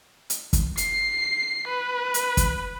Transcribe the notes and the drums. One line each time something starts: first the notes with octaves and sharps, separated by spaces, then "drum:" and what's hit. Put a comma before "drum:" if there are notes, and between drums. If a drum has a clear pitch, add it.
drum: hi-hat
drum: kick, hi-hat
C7, drum: hi-hat
B4
drum: hi-hat
drum: kick, hi-hat